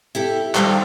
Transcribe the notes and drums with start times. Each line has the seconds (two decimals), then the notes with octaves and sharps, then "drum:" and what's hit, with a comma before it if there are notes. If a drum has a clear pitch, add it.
0.15 E4 G4 A4
0.55 D#3 F3 G3, drum: clap